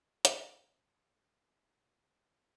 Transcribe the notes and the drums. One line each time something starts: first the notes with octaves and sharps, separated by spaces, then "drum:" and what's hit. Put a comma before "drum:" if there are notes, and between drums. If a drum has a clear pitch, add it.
A2 C3 E3 A3 C#4, drum: hi-hat